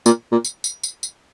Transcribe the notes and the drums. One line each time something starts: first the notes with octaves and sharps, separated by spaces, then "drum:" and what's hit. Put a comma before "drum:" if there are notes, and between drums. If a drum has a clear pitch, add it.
A#2, drum: tambourine
A#2
drum: tambourine
drum: tambourine
drum: tambourine
drum: tambourine